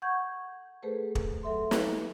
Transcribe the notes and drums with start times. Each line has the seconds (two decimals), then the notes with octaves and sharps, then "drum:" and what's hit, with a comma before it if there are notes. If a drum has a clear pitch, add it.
0.02 F#5 C#6 G6 G#6
0.83 A3 G#4 A4 B4 C5
1.15 drum: kick
1.43 F#3 A4 E5 C6
1.71 drum: snare